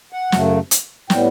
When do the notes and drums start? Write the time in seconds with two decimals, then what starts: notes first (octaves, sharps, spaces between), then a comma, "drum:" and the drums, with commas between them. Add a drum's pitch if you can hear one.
0.12 F#5
0.32 F#2 C#3 F#3 A3, drum: snare
0.71 drum: hi-hat
1.10 A2 G3 B3 G5, drum: snare